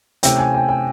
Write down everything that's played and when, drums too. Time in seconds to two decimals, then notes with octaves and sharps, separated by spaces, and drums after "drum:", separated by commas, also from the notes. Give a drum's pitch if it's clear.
0.23 C3 E3 A3 C#4 G5, drum: hi-hat
0.38 G#5
0.54 G5
0.69 G5